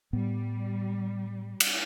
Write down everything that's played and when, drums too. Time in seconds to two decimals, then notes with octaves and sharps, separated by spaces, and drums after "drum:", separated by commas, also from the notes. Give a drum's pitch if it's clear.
0.13 A2 G3 B3
1.60 drum: cymbal